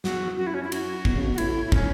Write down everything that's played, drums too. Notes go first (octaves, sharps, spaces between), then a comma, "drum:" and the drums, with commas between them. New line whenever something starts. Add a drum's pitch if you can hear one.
E2 F#4, drum: snare
F#2 F#4
E4
C#4
E4
F#4, drum: cymbal
B2, drum: kick
C#3
B2
F#4
A2 E4, drum: cymbal
E4
C#4, drum: kick